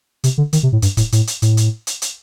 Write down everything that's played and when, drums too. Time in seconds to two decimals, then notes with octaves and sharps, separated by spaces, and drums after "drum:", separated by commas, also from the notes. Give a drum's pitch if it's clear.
0.24 C3, drum: hi-hat
0.38 D3
0.53 D#3, drum: hi-hat
0.63 C3
0.72 A2
0.82 G2, drum: hi-hat
0.97 A2, drum: kick, hi-hat
1.12 A2, drum: hi-hat
1.27 drum: hi-hat
1.42 A2, drum: hi-hat
1.57 drum: hi-hat
1.87 drum: hi-hat
2.02 drum: hi-hat